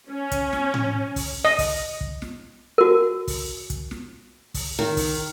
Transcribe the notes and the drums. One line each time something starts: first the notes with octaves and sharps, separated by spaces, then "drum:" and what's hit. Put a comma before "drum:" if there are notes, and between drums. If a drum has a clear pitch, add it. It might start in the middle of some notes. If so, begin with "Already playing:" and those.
C#4
drum: kick, hi-hat
drum: snare
drum: tom A2
drum: kick, open hi-hat
D#5
drum: kick, open hi-hat
drum: kick
drum: snare
F#4 A#4
drum: kick, open hi-hat
drum: kick, hi-hat
drum: snare
drum: kick, open hi-hat
D#3
drum: kick, open hi-hat